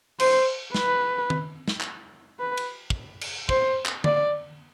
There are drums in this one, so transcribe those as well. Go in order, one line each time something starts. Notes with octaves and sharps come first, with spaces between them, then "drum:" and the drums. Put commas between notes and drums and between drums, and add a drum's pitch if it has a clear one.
C5, drum: cymbal
B4, drum: snare
drum: tom D#3
drum: snare
drum: clap
B4
drum: cymbal
drum: kick
drum: cymbal
C5, drum: kick
drum: clap
D5, drum: tom D3